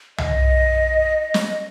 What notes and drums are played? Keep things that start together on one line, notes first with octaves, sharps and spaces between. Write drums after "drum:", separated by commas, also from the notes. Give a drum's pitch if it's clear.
D#5, drum: tom C2
drum: snare